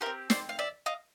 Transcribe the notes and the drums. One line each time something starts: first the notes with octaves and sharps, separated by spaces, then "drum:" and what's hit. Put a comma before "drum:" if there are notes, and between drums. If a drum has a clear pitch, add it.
E4 G4 A#4 C5
C4
C5 D5, drum: snare
F5
D5 E5
D#5 F5